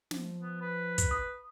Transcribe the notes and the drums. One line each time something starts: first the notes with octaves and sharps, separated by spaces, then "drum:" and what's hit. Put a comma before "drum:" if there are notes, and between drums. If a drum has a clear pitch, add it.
F3, drum: snare
B3
B4
drum: kick, hi-hat
D#6